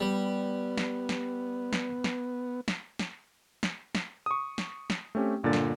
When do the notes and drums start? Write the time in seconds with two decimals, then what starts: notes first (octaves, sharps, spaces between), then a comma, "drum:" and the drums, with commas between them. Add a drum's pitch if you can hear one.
0.01 G3 B3
0.77 drum: snare
1.09 drum: snare
1.73 drum: snare
2.04 drum: snare
2.68 drum: snare
2.99 drum: snare
3.63 drum: snare
3.95 drum: snare
4.26 C#6 D#6
4.58 drum: snare
4.90 drum: snare
5.15 A3 C4 C#4 G4 G5
5.43 G1 A#2 D3 D4 A6
5.53 drum: snare